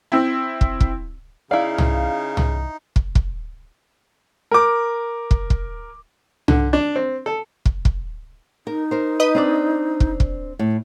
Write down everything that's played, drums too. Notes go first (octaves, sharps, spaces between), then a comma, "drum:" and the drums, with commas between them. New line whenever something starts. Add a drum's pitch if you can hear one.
C4 E4
drum: kick
drum: kick
C#3 D#4 E4 D5 F5
drum: tom C2
drum: tom C2
drum: kick
drum: kick
A#4 D6
drum: kick
drum: kick
D3, drum: tom C2
D4
C4
A4
drum: kick
drum: kick
D#4 A#4
A#4 C5
B4 D#5 D#6
C4 D4 D5
drum: kick
drum: kick
A2